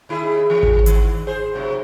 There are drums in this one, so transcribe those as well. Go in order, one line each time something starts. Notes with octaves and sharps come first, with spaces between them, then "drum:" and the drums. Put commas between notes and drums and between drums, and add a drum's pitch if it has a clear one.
D#2 E4 G#4
E3
drum: kick G#1
D#3, drum: hi-hat
G#4 C5
G2 C3 F#3